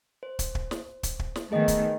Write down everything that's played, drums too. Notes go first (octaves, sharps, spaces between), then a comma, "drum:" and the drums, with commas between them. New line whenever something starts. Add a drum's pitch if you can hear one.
C5
drum: kick, hi-hat
drum: kick
drum: snare
drum: kick, hi-hat
drum: kick
drum: snare
D#3 A3 B3 G#4 D#5
drum: kick, hi-hat